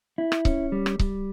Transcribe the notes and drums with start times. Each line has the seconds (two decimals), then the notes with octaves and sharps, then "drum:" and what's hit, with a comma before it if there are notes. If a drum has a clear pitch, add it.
0.18 E4
0.32 drum: rim click
0.45 C#4, drum: kick C#1
0.72 G3
0.86 drum: rim click
0.99 G3, drum: kick C#1